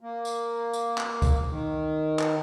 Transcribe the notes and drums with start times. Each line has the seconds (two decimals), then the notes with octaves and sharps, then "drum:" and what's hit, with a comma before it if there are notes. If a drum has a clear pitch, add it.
0.01 A#3
0.25 drum: tambourine
0.73 drum: tambourine
0.98 drum: clap
1.22 drum: kick, tambourine
1.50 D#3
2.19 drum: clap